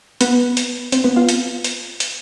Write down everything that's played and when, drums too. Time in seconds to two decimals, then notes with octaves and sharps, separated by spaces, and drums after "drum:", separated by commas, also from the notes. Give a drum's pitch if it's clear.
0.21 B3 B4, drum: hi-hat
0.57 drum: hi-hat
0.92 C4 C5, drum: hi-hat
1.04 B3 B4
1.16 F4 F5
1.29 drum: hi-hat
1.64 drum: hi-hat
2.00 drum: hi-hat